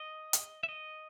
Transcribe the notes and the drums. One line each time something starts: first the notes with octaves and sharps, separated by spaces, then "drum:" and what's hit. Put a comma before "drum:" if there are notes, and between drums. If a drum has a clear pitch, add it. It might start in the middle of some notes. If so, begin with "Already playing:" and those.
Already playing: D#5
drum: hi-hat
E5
D#5